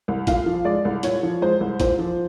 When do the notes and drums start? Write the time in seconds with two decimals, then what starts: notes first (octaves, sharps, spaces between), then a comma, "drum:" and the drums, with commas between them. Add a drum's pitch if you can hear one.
0.08 C2
0.27 A#2 F5, drum: kick, hi-hat
0.46 F3
0.65 G#3 D5
0.85 C2
1.03 A#2 C#5, drum: hi-hat
1.23 F3
1.42 G#3 C5
1.60 C2
1.80 A#2 C5, drum: kick, hi-hat
1.99 F3